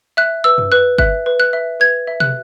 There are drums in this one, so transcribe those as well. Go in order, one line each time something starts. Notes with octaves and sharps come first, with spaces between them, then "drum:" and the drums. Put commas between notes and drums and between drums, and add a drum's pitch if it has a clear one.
E5 F#6
B4 E6
drum: tom F#2
B4 F#6
E5 F#6, drum: kick G1
B4
F#6
E5
B4 G#6
E5
F#6, drum: tom